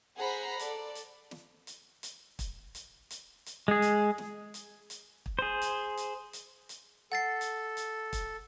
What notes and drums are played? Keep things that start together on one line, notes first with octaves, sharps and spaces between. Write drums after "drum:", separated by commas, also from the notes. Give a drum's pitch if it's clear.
G#4 C5 F#5 A#5 B5 C7
A4 D5, drum: hi-hat
drum: hi-hat
drum: snare
drum: hi-hat
drum: hi-hat
drum: kick, hi-hat
drum: hi-hat
drum: hi-hat
drum: hi-hat
G#3 G#4
drum: hi-hat
drum: snare
drum: hi-hat
drum: hi-hat
drum: kick
G#4 C5
drum: hi-hat
drum: hi-hat
drum: hi-hat
drum: hi-hat
A4 F#5 A6 C7
drum: hi-hat
drum: hi-hat
drum: kick, hi-hat